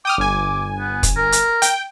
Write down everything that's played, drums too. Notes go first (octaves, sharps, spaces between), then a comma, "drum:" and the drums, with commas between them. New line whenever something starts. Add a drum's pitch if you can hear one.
G5 D6 D#6 F6
G1 G#5
B3
drum: kick, hi-hat
A#4
drum: hi-hat
G5, drum: hi-hat